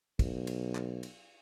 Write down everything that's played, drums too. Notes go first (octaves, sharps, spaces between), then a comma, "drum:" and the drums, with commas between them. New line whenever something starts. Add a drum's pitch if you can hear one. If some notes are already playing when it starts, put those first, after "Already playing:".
B1, drum: kick, cymbal
drum: cymbal
drum: clap
drum: cymbal